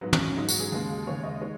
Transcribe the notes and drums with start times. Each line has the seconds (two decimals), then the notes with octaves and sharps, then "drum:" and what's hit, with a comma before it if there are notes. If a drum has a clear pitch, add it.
0.01 G#2 F#3 B3
0.13 C#4, drum: tom
0.25 C#4
0.37 G#2 F#3 D#4
0.49 F#4, drum: tambourine
0.60 G#4
0.72 D#2 C#3 G#3
1.07 D#2 C#3 G#3 C#5
1.23 D#5
1.41 D#3 G#3 C#5